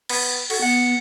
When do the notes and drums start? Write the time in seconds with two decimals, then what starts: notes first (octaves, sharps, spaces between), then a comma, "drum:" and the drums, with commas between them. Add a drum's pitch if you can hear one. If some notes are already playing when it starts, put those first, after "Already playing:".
0.09 B3, drum: cymbal
0.50 F#4 A4, drum: cymbal
0.62 B3 F#5